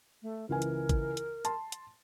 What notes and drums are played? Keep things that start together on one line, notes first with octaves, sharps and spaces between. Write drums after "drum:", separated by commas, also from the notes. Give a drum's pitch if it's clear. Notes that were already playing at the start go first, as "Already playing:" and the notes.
A3
C#2 E3 A#4 G#5
drum: hi-hat
drum: kick G#1, hi-hat
drum: hi-hat
A5 C6, drum: hi-hat
drum: hi-hat